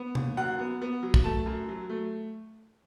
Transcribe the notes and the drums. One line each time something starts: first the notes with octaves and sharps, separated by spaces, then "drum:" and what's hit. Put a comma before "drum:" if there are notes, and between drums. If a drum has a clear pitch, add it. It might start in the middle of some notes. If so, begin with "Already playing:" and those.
Already playing: B3
D#2, drum: tom C3
F#2 F#5
B3
B3
F#3
drum: kick
A3 A5
F#2
F#3
A3